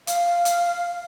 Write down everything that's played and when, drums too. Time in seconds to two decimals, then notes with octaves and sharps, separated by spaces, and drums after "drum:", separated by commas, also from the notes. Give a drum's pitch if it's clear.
0.07 F5, drum: hi-hat
0.45 drum: hi-hat